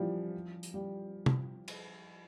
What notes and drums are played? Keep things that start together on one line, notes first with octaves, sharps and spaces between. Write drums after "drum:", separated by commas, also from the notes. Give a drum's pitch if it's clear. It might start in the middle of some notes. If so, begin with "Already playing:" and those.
Already playing: E3 F3 G3
drum: hi-hat
G3
drum: tom
drum: cymbal